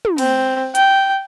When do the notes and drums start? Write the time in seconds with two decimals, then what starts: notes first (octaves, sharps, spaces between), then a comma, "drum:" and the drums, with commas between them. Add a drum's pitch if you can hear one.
0.05 drum: tom
0.18 C4, drum: cymbal
0.75 G5, drum: hi-hat